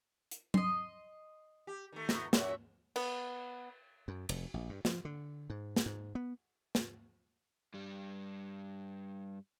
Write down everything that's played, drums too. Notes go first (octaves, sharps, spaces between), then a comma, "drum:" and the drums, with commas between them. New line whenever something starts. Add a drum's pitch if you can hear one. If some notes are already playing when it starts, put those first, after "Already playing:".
drum: hi-hat
D#5 C6, drum: tom F#3
G4
D#3 A3
B3 A#5, drum: snare
F#2 F#4 E5, drum: snare
B3, drum: cymbal
F#2
F1, drum: cymbal
A#1
G2
F3, drum: snare
D3
G#2
drum: snare
G#2
B3
drum: snare
G2 G3